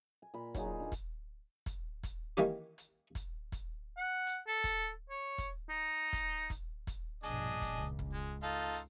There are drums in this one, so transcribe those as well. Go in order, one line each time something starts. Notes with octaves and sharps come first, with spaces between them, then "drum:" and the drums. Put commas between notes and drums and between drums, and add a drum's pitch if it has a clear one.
G#5
A#2 A#4 B5
F#3 D#4 F4 G#4, drum: kick, hi-hat
F4
A#3 D4
drum: kick, hi-hat
drum: kick, hi-hat
drum: kick, hi-hat
D#3 E3 A#3 C#4 G4
drum: hi-hat
drum: kick, hi-hat
drum: kick, hi-hat
F#5
drum: hi-hat
A4
drum: kick, hi-hat
C#5
drum: kick, hi-hat
D#4
drum: kick, hi-hat
drum: kick, hi-hat
drum: kick, hi-hat
A#1 G2 B2 D4 G#4 D#5, drum: hi-hat
drum: kick, hi-hat
C#2
drum: kick
G#3
D#4 F4 A4
drum: hi-hat